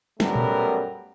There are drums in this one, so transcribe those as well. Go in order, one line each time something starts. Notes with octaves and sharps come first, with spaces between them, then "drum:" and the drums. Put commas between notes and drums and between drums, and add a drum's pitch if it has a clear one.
F#2 G3 A3 B3 A#4, drum: snare
drum: tom A#2